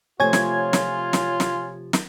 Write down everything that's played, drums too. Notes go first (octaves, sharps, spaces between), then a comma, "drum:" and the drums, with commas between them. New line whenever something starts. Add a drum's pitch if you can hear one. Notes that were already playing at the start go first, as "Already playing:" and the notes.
C3 F3 A3 F4 C#5 G#5 G#6
drum: snare
drum: snare
drum: snare
drum: snare
drum: snare